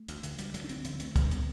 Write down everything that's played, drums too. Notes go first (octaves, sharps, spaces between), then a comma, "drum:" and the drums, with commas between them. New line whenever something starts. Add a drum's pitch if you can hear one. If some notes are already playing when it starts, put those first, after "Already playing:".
Already playing: A3
D2, drum: hi-hat
D3, drum: hi-hat
D2 G3, drum: hi-hat
D3 F#3, drum: hi-hat
D4
D2 C4, drum: hi-hat
D3 C4, drum: hi-hat
G3
D2 A3, drum: hi-hat
D3 G3, drum: kick, hi-hat
C4
B3, drum: hi-hat